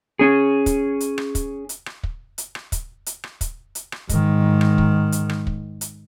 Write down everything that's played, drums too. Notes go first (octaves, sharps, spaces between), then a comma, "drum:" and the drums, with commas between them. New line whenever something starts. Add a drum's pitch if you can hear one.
C#4 G#4
drum: kick, hi-hat
drum: hi-hat
drum: rim click
drum: kick, hi-hat
drum: hi-hat
drum: rim click
drum: kick
drum: hi-hat
drum: rim click
drum: kick, hi-hat
drum: hi-hat
drum: rim click
drum: kick, hi-hat
drum: hi-hat
drum: rim click
G#2 D#3, drum: kick, hi-hat
drum: rim click
drum: kick
drum: hi-hat
drum: rim click
drum: kick
drum: hi-hat